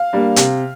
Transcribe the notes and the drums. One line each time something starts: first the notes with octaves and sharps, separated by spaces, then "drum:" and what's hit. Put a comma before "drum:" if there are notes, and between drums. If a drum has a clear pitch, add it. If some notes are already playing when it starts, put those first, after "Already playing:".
Already playing: F5
G3 A#3 D4
C3, drum: hi-hat